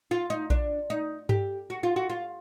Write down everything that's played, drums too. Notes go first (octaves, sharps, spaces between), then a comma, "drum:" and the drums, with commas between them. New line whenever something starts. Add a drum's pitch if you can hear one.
F4
D#4
D4, drum: kick A#1
D#4
G4, drum: tom G2
F#4
F4
F#4
F4